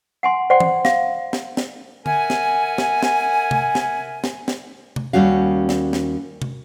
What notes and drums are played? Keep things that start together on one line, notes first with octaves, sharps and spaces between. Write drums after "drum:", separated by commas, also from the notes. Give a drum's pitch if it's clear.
F#5 G#5 C6
C5 D5 F#5 G5 C6
drum: tom
F5, drum: snare
drum: snare
drum: snare
A#4 E5 F#5 G#5, drum: tom D3
drum: snare
drum: snare
drum: snare
drum: tom C3
drum: snare
drum: snare
drum: snare
drum: tom C3
D#2 C#3 G3 C#4 F#4 F5
drum: snare
drum: snare
drum: tom C3